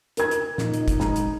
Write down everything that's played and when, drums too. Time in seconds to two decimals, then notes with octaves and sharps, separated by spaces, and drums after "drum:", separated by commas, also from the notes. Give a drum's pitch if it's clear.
0.17 A#4 G#6, drum: hi-hat
0.31 drum: hi-hat
0.58 A#2 D#4, drum: snare
0.74 drum: hi-hat
0.88 drum: kick, hi-hat
1.00 G#3 A#5, drum: snare
1.16 drum: hi-hat